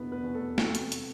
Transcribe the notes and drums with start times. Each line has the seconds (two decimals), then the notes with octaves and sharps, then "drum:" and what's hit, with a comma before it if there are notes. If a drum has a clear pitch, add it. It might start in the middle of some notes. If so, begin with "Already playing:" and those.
Already playing: F1 B2 B3 D4 E4 B4 D5
0.12 B3 B4
0.23 E2
0.35 A3 A4
0.58 C3, drum: snare
0.75 drum: hi-hat
0.92 drum: hi-hat